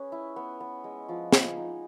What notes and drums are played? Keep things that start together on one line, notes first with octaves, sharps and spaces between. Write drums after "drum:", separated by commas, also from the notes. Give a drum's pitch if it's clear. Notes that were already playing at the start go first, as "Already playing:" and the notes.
Already playing: C#4 G#4 B4
E4
B3
B3
G#3
F3
G#4, drum: snare
D#4